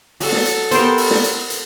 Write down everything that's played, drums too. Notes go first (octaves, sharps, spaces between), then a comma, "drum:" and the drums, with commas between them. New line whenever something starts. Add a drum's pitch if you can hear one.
F#3 A4, drum: open hi-hat
drum: snare
drum: hi-hat
B3 G4 A#4 C5, drum: hi-hat
drum: open hi-hat
drum: snare
drum: hi-hat
drum: hi-hat